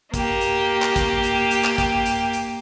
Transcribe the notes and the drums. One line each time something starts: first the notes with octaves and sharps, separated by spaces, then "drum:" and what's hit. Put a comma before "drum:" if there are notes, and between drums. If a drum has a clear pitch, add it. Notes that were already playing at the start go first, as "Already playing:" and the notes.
A#3 G4, drum: kick, hi-hat
drum: hi-hat
drum: clap
drum: kick, hi-hat
drum: hi-hat
drum: hi-hat
drum: clap
drum: kick, hi-hat
drum: hi-hat
drum: hi-hat